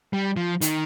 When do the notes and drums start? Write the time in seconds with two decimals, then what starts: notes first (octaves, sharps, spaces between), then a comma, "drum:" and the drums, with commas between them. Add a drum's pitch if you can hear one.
0.13 G3
0.37 F3
0.61 D#3, drum: hi-hat